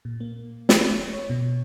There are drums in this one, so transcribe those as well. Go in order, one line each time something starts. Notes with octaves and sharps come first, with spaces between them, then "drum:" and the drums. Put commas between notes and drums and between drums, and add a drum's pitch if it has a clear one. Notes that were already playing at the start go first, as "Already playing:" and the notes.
A#2
A#3
drum: snare
C#5
B2